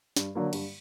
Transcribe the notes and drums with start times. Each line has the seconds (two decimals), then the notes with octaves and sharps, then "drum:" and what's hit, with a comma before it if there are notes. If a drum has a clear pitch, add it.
0.17 G2, drum: snare
0.35 D3 F#3 A#3
0.53 G2, drum: cymbal